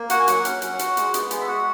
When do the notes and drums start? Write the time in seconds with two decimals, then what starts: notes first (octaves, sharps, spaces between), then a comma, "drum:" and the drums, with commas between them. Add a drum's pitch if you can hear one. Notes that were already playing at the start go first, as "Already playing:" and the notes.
Already playing: A#3
0.10 F#4 F#5, drum: hi-hat
0.20 G#5
0.28 F#3 F#5, drum: hi-hat
0.45 C#4, drum: hi-hat
0.62 F#3, drum: hi-hat
0.79 F#4, drum: hi-hat
0.97 G#3, drum: hi-hat
1.14 B3, drum: hi-hat
1.31 G#3, drum: hi-hat
1.41 E5
1.48 F#4 F#5